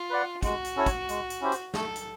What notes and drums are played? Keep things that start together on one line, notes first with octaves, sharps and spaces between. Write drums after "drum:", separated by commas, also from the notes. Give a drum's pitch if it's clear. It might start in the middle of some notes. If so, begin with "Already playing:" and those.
Already playing: F4
B4 D5 F#5
G#3 F#4, drum: kick, hi-hat
drum: hi-hat
C#4 E4 A4 C#5
drum: kick, hi-hat
G#3, drum: hi-hat
drum: hi-hat
C#4 E4 G4 C5
drum: hi-hat
A3 A4, drum: snare
drum: hi-hat